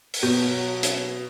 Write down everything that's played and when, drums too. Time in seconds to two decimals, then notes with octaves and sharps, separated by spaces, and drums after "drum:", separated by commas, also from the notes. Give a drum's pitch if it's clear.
0.14 drum: open hi-hat
0.23 B2 F#3 B3
0.83 drum: hi-hat